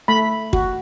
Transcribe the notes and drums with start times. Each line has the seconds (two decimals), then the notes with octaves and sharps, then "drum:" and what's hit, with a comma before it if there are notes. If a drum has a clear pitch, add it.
0.08 A3 B5
0.53 F#4, drum: kick